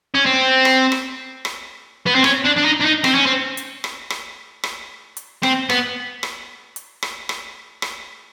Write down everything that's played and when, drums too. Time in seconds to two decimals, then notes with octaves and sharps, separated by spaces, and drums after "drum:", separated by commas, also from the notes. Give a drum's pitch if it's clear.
0.14 C#4
0.26 C4
0.65 drum: rim click
0.92 drum: rim click
1.45 drum: rim click
2.06 B3
2.15 C4
2.24 C#4, drum: rim click
2.44 D4
2.57 D4
2.64 D#4
2.80 D4
2.85 D#4
3.04 C4, drum: rim click
3.14 C#4
3.26 C4
3.57 drum: hi-hat
3.84 drum: rim click
4.10 drum: rim click
4.63 drum: rim click
5.17 drum: hi-hat
5.43 C4, drum: rim click
5.70 B3, drum: rim click
6.23 drum: rim click
6.76 drum: hi-hat
7.03 drum: rim click
7.29 drum: rim click
7.82 drum: rim click